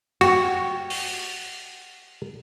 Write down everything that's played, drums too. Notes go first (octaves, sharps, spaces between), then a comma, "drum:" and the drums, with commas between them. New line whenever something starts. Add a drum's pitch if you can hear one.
F#4 F#5 G5, drum: cymbal
drum: open hi-hat